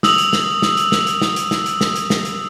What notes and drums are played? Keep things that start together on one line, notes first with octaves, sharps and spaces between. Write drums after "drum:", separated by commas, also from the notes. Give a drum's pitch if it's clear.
D#6 E6 F7 F#7, drum: snare
drum: hi-hat
drum: snare
drum: snare
drum: hi-hat
drum: snare
drum: hi-hat
drum: snare
drum: hi-hat
drum: snare
drum: hi-hat
drum: snare
drum: hi-hat
drum: snare
drum: hi-hat